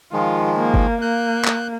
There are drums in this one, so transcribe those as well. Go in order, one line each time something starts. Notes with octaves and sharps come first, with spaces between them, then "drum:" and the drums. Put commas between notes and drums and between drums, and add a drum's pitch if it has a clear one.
D#3 F3 G#3 F4
A#3
drum: kick G1
A#3 F#6 G6
drum: clap